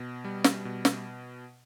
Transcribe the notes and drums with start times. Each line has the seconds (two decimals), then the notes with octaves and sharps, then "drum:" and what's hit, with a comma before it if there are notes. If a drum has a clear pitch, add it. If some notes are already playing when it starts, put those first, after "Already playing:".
Already playing: B2
0.24 G3
0.44 drum: snare
0.65 B2
0.85 drum: snare